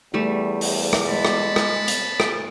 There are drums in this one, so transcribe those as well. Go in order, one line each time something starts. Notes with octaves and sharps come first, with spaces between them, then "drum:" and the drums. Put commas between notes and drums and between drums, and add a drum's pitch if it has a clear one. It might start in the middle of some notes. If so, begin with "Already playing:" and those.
E2 G3 A3 G4
drum: open hi-hat
drum: rim click
G#3 A5 B5
drum: rim click
drum: rim click
drum: hi-hat
drum: rim click